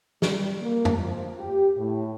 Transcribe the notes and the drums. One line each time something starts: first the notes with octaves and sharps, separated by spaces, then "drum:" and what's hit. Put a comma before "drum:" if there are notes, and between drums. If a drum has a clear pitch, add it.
G3, drum: snare
A#3
drum: tom F2
F3
G4
A2